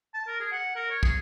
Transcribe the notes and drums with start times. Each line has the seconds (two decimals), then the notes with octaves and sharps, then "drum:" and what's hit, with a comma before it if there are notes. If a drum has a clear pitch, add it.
0.14 A5
0.27 A#4
0.40 G#4
0.52 F#5
0.76 A#4
0.90 C#5
1.03 G#4, drum: kick